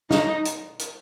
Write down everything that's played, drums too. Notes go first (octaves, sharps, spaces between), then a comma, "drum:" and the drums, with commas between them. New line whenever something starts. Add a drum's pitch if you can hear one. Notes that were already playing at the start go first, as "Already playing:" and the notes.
D#4, drum: snare
drum: hi-hat
drum: hi-hat